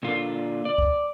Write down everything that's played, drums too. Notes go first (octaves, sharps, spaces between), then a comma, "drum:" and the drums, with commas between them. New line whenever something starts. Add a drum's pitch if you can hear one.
A#2 D3 F4
D5
drum: kick C#2